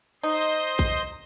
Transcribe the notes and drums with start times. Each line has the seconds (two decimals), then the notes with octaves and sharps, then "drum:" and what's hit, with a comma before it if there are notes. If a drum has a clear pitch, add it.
0.23 D#4 C5 D#5 C6
0.42 drum: hi-hat
0.79 drum: kick, hi-hat